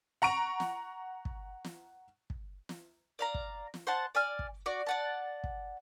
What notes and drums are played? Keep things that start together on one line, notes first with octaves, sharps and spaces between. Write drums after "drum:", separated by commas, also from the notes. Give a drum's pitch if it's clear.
F#5 A#5 C#6 D7
drum: snare
drum: kick
drum: snare
drum: kick
drum: snare
D5 F5 A#5
drum: kick
drum: snare
C5 F#5 A5
D5 G#5 F6
drum: kick
F#4 D5
D5 F#5 A5
drum: kick